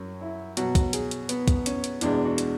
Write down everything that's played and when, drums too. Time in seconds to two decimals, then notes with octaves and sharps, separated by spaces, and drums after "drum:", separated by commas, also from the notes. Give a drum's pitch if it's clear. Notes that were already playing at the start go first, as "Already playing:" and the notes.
Already playing: F#2 C#4 F#4
0.21 E4
0.57 B2 F#3 F#4, drum: hi-hat
0.75 drum: kick, hi-hat
0.93 G#4, drum: hi-hat
1.11 drum: hi-hat
1.29 B3, drum: hi-hat
1.48 drum: kick, hi-hat
1.66 C#4, drum: hi-hat
1.84 drum: hi-hat
2.01 E2 B2 G#3 D4, drum: hi-hat
2.26 F#4
2.38 drum: hi-hat